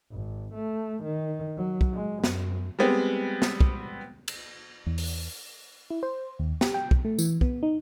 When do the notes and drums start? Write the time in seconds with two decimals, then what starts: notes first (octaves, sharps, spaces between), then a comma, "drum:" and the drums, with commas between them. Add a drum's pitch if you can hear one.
0.11 G#1
0.54 A3
1.04 D#3
1.57 F#3
1.81 drum: kick
1.93 G#3
2.24 F#2, drum: snare
2.79 G3 G#3 B3 C4
3.42 drum: snare
3.61 drum: kick
4.28 drum: cymbal
4.86 E2
4.98 drum: open hi-hat
5.90 E4
6.03 C5
6.39 D#2
6.61 G4, drum: snare
6.74 G5
6.91 B1, drum: kick
7.05 A3
7.19 E3, drum: tambourine
7.41 B3, drum: kick
7.63 D#4